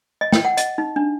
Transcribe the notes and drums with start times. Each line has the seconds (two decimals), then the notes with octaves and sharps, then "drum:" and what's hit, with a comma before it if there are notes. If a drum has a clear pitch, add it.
0.21 D#5
0.32 G5, drum: snare
0.45 F#5
0.57 D#5, drum: hi-hat
0.78 D#4
0.96 D4